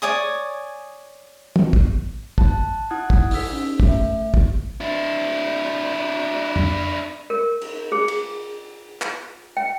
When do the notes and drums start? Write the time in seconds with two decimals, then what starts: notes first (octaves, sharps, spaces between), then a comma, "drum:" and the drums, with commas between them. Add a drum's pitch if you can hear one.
0.02 C#5 D5 G#5 D#6
1.56 drum: tom
1.73 drum: kick
2.38 A5 F#6, drum: kick
2.90 E4 F#5 D#6 F#6 G#6
3.10 drum: kick
3.31 D#4 G4 E6 B6, drum: open hi-hat
3.52 C#4
3.80 A3 E5, drum: kick
4.34 drum: kick
4.81 D4 E4
6.56 drum: tom F2
7.30 A#4
7.61 drum: cymbal
7.92 G#4
8.08 drum: cymbal
9.02 drum: clap
9.57 G5